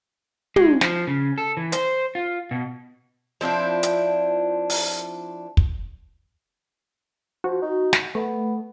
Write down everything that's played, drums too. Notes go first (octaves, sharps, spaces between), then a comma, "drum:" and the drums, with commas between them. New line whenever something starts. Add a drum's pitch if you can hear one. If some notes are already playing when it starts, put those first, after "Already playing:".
G#3, drum: tom
F3, drum: snare
C#3
A4
E3
C5, drum: hi-hat
F4
B2
F3 C4 D4 E4
drum: hi-hat
drum: open hi-hat
drum: kick
F3 F#4
D#4
drum: snare
A3 B3